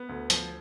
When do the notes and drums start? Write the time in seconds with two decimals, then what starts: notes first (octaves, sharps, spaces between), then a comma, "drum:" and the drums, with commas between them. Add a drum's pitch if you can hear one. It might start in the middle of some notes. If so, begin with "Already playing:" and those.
Already playing: B3
0.09 D2
0.30 F3, drum: hi-hat